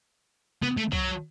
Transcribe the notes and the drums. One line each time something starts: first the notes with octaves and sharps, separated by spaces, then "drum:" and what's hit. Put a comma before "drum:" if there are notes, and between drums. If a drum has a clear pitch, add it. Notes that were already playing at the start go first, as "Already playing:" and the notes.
B3, drum: tom
A3
F#3, drum: kick C2